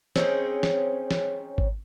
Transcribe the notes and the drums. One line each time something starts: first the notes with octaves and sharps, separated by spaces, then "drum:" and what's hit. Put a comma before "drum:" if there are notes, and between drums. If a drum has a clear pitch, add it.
C4 C#4 D#4 G#4, drum: snare
drum: snare
drum: snare
drum: kick G#1